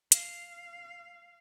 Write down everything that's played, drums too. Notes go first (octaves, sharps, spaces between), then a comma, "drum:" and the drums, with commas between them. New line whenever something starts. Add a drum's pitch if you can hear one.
F5, drum: hi-hat